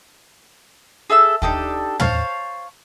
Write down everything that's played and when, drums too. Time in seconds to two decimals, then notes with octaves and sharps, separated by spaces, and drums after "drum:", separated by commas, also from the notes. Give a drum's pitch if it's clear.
1.10 G#4 A4 E5 E6
1.42 D4 D#4 G4 A4, drum: kick
2.00 C5 C#5 F5 A5, drum: tom